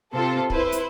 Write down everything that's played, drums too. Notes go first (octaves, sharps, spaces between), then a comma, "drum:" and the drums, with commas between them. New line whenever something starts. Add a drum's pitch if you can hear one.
C3 C4 F4 A4 C5
E4 B4 C5, drum: kick
drum: hi-hat